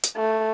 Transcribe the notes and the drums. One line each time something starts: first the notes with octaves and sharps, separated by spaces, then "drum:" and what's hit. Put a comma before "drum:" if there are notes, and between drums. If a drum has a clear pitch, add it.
drum: hi-hat
A3